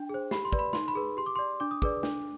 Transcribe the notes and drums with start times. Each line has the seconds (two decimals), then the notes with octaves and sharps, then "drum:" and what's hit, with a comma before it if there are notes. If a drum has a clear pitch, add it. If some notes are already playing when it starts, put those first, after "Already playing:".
Already playing: D4 G5
0.09 G#4 C5
0.31 G4 B5, drum: snare
0.45 C6
0.52 B4 D5, drum: kick
0.59 B5
0.73 D#4 C6, drum: snare
0.88 B5
0.95 G#4 B4
1.17 G4 C6
1.26 D6
1.36 D5 C6
1.60 D4 D6
1.71 D#6
1.82 G#4 B4 D5 D6, drum: kick
2.03 D4, drum: snare